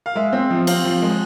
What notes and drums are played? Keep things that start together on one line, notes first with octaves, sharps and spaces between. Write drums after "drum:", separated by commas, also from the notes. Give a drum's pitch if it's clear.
F5
G#3 E5
C4
F3
C4 F5, drum: cymbal
F3
G#3